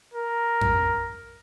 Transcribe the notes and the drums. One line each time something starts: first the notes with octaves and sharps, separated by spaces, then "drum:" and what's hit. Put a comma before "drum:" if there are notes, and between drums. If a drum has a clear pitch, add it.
A#4
drum: tom F2